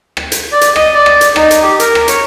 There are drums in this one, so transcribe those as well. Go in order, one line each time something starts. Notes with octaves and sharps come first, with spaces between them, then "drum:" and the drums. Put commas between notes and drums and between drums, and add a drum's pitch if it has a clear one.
drum: rim click
drum: hi-hat
D5
drum: hi-hat
D#5, drum: rim click
D5
drum: rim click
drum: hi-hat
D#4, drum: rim click
drum: hi-hat
G4
A#4, drum: hi-hat
drum: rim click
C#5, drum: hi-hat